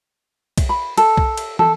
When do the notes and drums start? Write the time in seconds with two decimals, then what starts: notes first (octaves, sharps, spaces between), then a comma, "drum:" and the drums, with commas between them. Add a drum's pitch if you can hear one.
0.58 drum: kick B1, cymbal
0.69 B5
0.98 A4, drum: cymbal
1.18 drum: kick B1
1.37 drum: cymbal
1.59 A4, drum: tom